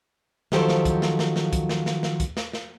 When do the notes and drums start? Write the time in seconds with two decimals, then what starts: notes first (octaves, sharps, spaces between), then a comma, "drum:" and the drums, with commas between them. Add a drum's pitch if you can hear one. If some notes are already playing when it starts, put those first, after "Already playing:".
0.52 D#3 F3 F#3 G4 A4 C5, drum: snare
0.69 drum: snare
0.85 drum: kick, hi-hat
1.02 drum: snare
1.19 drum: snare
1.36 drum: snare
1.53 drum: kick, hi-hat
1.69 drum: snare
1.86 drum: snare
2.03 drum: snare
2.20 drum: kick, hi-hat
2.37 drum: snare
2.53 drum: snare